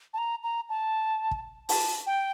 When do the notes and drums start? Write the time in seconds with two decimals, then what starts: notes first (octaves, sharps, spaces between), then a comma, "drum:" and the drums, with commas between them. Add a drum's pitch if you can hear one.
0.14 A5
0.18 A#5
0.43 A#5
0.69 A5
1.31 drum: kick
1.69 A5, drum: open hi-hat
2.06 G5